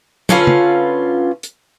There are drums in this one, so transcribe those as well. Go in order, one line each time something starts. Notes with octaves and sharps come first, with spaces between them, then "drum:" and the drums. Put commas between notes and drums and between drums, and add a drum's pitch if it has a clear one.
D3 C#4 F4 B4, drum: tom
drum: tom
drum: hi-hat